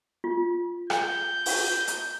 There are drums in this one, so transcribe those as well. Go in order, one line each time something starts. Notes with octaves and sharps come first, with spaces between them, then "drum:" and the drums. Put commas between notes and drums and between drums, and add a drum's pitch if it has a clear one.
F4
G6, drum: rim click
drum: open hi-hat
drum: hi-hat